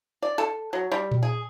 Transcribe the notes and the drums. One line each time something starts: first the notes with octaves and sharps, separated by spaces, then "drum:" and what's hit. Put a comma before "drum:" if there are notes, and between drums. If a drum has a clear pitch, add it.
D5
A4
F#3
G3
drum: tom A#2
G#4